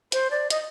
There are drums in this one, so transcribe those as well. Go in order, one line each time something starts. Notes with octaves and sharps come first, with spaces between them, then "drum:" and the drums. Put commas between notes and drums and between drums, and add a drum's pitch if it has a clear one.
C5, drum: hi-hat
D5
D#5, drum: hi-hat